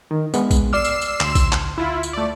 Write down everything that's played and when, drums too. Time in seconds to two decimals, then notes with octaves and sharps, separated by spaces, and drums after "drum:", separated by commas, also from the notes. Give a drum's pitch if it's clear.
0.11 D#3
0.34 G#3 B3, drum: tambourine
0.51 drum: kick A#1, tambourine
0.73 D5 D6 E6 F6 C7 E7
0.85 drum: tambourine
1.01 drum: tambourine
1.20 D2 C6, drum: clap
1.35 drum: kick A#1, tambourine
1.52 drum: clap
1.78 E4 F4
2.03 drum: tambourine
2.13 A3 D5